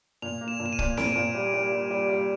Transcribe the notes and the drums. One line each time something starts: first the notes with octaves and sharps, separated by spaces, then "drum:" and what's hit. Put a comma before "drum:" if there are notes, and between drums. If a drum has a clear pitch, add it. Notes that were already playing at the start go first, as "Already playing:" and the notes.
A#2 F7
A#3
E7
A#2
E7
D#7
A#2, drum: kick
A#2 D7, drum: snare C4
D#7
A#2 D7
G3
G3
G3
G3
G3